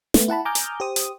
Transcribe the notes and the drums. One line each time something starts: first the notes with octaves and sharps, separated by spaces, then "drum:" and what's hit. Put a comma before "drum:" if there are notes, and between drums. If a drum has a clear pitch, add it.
A3 B3, drum: snare
E4 F#5 A5 B5
G#5 A#5 D6 D#6 F6 G6
drum: hi-hat
G4 C5 D#6
drum: hi-hat